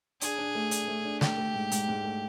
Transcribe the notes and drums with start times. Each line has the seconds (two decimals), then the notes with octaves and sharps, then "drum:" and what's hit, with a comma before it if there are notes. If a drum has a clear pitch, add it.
0.21 D4 G#4, drum: hi-hat
0.38 D4
0.55 A3
0.71 D4, drum: hi-hat
0.88 A3
1.05 D4
1.21 A3 G4, drum: snare
1.38 A3
1.55 G#2
1.72 G#2, drum: hi-hat
1.89 G#2
2.04 A3